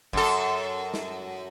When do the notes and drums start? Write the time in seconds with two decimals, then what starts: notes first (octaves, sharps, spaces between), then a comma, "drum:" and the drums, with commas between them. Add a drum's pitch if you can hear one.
0.13 F#2 A4, drum: kick G#1
0.94 drum: snare